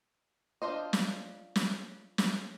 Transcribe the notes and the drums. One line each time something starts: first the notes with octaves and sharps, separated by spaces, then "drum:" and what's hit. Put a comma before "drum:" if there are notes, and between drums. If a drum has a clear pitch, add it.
D4 F4 C5 D#5
drum: snare
drum: snare
drum: snare